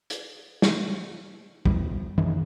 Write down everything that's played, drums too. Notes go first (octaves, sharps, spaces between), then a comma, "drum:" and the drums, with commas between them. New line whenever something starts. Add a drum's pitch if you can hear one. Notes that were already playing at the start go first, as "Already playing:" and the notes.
drum: hi-hat
drum: snare
E2 G3, drum: kick
F#2 D#3 E3